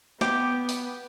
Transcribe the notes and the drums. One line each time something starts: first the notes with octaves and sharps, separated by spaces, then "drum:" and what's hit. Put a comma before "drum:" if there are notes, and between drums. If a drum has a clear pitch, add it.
B3 G4, drum: snare
drum: open hi-hat